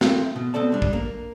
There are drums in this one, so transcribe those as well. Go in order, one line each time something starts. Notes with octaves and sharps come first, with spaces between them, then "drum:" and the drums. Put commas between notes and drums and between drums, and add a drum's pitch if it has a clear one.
A3 A#3 C4 E4, drum: snare
B2
B2 B3 C4 A4 D5 A5
G3 D4
drum: kick
A#3